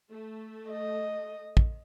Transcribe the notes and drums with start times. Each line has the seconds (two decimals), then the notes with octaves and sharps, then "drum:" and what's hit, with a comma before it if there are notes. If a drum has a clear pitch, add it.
0.10 A3
0.69 D#5
1.57 drum: kick